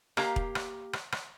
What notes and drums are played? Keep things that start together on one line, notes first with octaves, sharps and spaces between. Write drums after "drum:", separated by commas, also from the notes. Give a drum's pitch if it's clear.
A#3 G4 F5 A#5, drum: rim click
drum: kick E1
drum: rim click
drum: rim click
drum: rim click